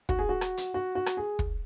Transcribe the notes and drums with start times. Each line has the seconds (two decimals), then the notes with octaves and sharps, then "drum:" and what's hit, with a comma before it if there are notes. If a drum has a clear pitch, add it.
0.09 F#4, drum: kick
0.19 G#4
0.29 F#4
0.41 drum: rim click
0.57 drum: hi-hat
0.74 F#4
0.95 F#4
1.06 drum: rim click
1.17 G#4
1.39 drum: kick